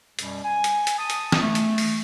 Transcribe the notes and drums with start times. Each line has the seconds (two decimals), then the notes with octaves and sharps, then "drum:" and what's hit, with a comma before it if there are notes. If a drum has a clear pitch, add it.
0.19 F#2 B2 G3, drum: hi-hat
0.45 G#5
0.64 drum: hi-hat
0.87 drum: hi-hat
0.99 A5 D#6
1.10 drum: hi-hat
1.32 drum: snare
1.42 A3
1.55 drum: hi-hat
1.78 drum: open hi-hat